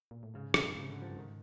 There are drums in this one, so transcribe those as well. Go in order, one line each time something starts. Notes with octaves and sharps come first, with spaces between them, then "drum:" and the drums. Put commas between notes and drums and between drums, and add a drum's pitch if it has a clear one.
A#2
A2
G#2 C#3
A2 C3, drum: rim click
G2
G#2 C#3
D3
F3
G2
G#2 D#3